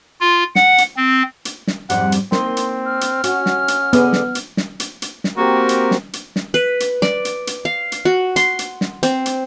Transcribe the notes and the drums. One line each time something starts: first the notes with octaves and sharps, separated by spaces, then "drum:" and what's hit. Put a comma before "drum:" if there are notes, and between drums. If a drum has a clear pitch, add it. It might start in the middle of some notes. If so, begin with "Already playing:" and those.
F4
F#5, drum: snare
drum: hi-hat
C4
drum: hi-hat
drum: snare
F2 G#2 G3 F#5, drum: hi-hat
drum: hi-hat
A#3 C4 D#4 C6, drum: snare
drum: hi-hat
F6
drum: hi-hat
C#4 F#4, drum: hi-hat
drum: snare
drum: hi-hat
D3 B3 G#4, drum: hi-hat
drum: snare
drum: hi-hat
drum: snare
drum: hi-hat
drum: hi-hat
drum: snare
A#3 C4 F#4 G4 A#4
drum: hi-hat
drum: snare
drum: hi-hat
drum: snare
B4
drum: hi-hat
D5, drum: snare
drum: hi-hat
drum: hi-hat
F5
drum: hi-hat
F#4
C6, drum: hi-hat
drum: hi-hat
drum: snare
C4, drum: hi-hat
drum: hi-hat